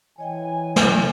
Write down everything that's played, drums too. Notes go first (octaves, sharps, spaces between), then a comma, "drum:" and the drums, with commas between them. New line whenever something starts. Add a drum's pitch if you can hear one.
E3 C#5 D#5 G5 G#5
drum: snare